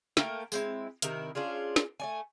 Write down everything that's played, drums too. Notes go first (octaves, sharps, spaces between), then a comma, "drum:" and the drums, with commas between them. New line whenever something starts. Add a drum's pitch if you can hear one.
A3 A#3 A#4 G5, drum: snare
G#3 C4 E4, drum: tambourine
C3 D#3 E4 A#4, drum: hi-hat
C#4 D4 F4 G#4
drum: snare
A3 D5 G#5